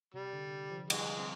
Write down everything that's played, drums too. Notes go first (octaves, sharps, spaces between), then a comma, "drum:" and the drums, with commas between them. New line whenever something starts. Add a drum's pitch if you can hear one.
C3 G3
D3
F3
G3 G#3, drum: cymbal
C4